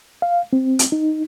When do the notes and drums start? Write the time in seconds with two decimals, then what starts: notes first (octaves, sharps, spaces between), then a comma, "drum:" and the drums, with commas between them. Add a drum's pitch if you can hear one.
0.22 F5
0.53 C4
0.79 drum: hi-hat
0.92 D#4